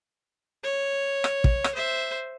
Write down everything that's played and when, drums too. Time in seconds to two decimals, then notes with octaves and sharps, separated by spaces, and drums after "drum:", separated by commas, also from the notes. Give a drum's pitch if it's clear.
0.63 C#5
1.24 drum: rim click
1.44 drum: kick
1.64 drum: rim click
1.75 C5 E5